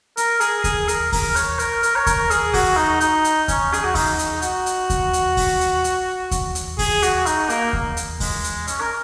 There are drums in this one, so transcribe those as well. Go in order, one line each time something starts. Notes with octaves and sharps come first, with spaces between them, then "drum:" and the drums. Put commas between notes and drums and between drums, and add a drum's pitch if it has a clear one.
A#4, drum: hi-hat
G#4, drum: hi-hat
G#4, drum: kick D#2, hi-hat
A#4, drum: hi-hat
A#4, drum: kick D#2, open hi-hat
C#5, drum: hi-hat
A#4, drum: hi-hat
A#4, drum: hi-hat
C#5
A#4, drum: kick D#2, hi-hat
G#4, drum: hi-hat
F#4, drum: kick D#2, open hi-hat
D#4
D#4, drum: hi-hat
drum: hi-hat
C#4, drum: kick D#2, hi-hat
G#4, drum: hi-hat
F#4
D#4, drum: kick D#2, open hi-hat
drum: hi-hat
F#4, drum: hi-hat
drum: hi-hat
drum: kick D#2, hi-hat
drum: hi-hat
drum: kick D#2, open hi-hat
drum: hi-hat
drum: hi-hat
drum: kick D#2, hi-hat
drum: hi-hat
G#4, drum: kick D#2, open hi-hat
F#4, drum: hi-hat
D#4, drum: hi-hat
A#3, drum: hi-hat
drum: kick D#2
drum: hi-hat
G#3, drum: kick D#2, open hi-hat
drum: hi-hat
C#4, drum: hi-hat
A#4